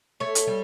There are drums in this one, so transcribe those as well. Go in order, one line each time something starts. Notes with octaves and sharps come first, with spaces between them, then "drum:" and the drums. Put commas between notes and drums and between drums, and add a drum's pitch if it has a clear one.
A3 C#5
drum: hi-hat
G3